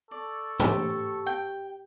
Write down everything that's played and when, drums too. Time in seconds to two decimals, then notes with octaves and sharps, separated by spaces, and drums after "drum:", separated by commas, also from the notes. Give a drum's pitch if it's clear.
0.11 A4 D5 C#6
0.60 G4 C5, drum: tom G#2
1.26 G5